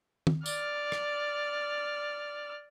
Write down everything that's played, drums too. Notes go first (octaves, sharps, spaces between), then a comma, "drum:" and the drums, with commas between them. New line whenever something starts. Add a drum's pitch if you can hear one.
drum: tom
D5 F6, drum: tambourine
drum: rim click